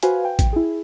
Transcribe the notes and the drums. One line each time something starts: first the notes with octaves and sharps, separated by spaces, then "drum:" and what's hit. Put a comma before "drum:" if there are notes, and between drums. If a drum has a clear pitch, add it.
F#4 B4 C5 F5 G#5, drum: hi-hat
G5
drum: kick A1, hi-hat
E4 G#4